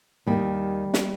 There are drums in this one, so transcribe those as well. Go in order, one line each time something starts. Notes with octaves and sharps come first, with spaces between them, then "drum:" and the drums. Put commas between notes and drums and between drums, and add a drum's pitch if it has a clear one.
D#2 D#3 G3
drum: snare